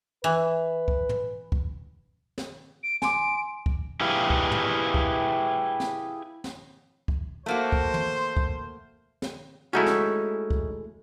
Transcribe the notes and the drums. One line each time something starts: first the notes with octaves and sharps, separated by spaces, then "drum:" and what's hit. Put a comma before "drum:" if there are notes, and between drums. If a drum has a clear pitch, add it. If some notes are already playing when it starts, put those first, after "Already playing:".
E3 B4
drum: kick
drum: tom
drum: kick
drum: snare
D7
G#5 C6 D6 D7, drum: snare
drum: kick
E4 G4 G#4 B4 F5
drum: kick
drum: tom
drum: kick
drum: snare
drum: snare
drum: kick
A3 A#3 F#4 C5
drum: kick
drum: tom
drum: kick
drum: snare
G#3 A3 C#4 D#4 E4 F#4
drum: snare
drum: kick